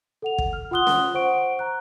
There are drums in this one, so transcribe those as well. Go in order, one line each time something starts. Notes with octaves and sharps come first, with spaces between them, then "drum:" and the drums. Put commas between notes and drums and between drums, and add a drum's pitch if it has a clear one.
A4 F#5 F7
drum: kick
F6
F4 F#5 C6 D#6 F#6 G7
drum: snare C#4
C5 F#5 C#6 D7
A#5 F#6